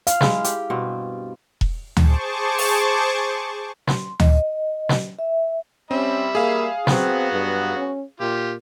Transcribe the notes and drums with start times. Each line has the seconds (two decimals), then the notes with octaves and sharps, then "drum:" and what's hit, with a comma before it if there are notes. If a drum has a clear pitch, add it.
0.07 F5, drum: hi-hat
0.21 G#3 E4, drum: snare
0.44 G4, drum: hi-hat
0.70 G2 B2 C4
1.61 drum: kick E1
1.97 G#4 C5 A5 C#6 D6, drum: tom D2
2.59 drum: open hi-hat
3.87 C6, drum: snare
4.20 D#5, drum: tom D2
4.89 drum: snare
5.19 E5
5.91 G3 C4 C#4 E5 B5
6.35 A#3 G#4 F5
6.87 F#3 B3 C4 F#4, drum: snare
7.32 G2
7.76 C#4
8.20 A#2 F4 G4